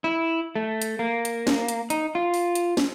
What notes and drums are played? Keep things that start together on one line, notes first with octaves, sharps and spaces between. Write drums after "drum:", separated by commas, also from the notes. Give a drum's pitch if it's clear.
E4
A3
drum: hi-hat
A#3
drum: hi-hat
drum: snare
drum: hi-hat
D#4, drum: hi-hat
F4
drum: open hi-hat
drum: hi-hat
drum: snare